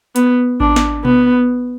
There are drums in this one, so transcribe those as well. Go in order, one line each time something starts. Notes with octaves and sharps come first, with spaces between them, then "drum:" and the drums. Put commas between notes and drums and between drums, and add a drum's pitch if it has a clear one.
B3, drum: hi-hat
D4, drum: kick A1
drum: snare
B3, drum: tom B2